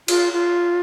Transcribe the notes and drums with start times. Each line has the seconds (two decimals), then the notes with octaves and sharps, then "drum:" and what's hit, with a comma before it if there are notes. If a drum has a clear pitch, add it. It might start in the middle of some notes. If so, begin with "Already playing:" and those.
0.08 F4, drum: cymbal
0.33 F4